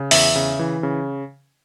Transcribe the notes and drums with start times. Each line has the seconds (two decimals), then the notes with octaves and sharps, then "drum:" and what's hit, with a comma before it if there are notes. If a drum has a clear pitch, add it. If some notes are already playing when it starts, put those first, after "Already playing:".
Already playing: C#3
0.11 E2 E5, drum: open hi-hat
0.35 C#3
0.59 E3
0.83 C#3